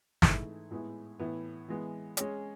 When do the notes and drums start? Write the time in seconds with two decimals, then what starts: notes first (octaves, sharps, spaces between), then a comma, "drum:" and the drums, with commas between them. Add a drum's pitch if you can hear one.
0.22 G#2 E3 A3 E4 G#4, drum: snare
0.71 A2 G#3 B3 E4
1.19 A2 E3 B3 E4
1.68 E3 G#3 B3
2.17 G#3 C#4 G#4 C#5, drum: hi-hat